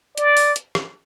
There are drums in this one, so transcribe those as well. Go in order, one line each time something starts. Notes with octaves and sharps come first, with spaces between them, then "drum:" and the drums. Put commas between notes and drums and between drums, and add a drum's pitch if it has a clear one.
D5, drum: hi-hat
drum: open hi-hat
drum: hi-hat
drum: rim click